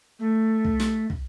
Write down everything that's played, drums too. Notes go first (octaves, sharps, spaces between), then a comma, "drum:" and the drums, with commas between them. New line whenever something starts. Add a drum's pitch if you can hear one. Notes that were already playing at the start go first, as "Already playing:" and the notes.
A3
drum: kick
drum: snare
drum: kick